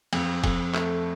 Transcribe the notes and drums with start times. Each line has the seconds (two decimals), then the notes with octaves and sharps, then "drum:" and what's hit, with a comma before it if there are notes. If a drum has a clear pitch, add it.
0.13 F2, drum: cymbal
0.44 F2, drum: kick, cymbal
0.74 A3, drum: clap